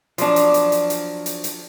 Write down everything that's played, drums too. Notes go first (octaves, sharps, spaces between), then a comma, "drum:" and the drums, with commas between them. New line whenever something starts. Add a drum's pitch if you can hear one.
F3 F#3 D4, drum: hi-hat
drum: hi-hat
drum: hi-hat
drum: hi-hat
drum: hi-hat
drum: hi-hat
drum: hi-hat